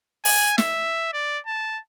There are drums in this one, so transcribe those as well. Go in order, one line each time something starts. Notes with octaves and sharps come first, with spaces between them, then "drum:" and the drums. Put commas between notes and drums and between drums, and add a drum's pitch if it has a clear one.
G#5, drum: open hi-hat
E5, drum: snare
D5
A5